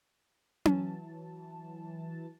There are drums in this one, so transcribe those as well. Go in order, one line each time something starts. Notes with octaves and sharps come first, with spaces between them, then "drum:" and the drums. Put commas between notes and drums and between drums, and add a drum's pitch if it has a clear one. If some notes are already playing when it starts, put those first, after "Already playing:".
E3 F#3 A5, drum: tom C#4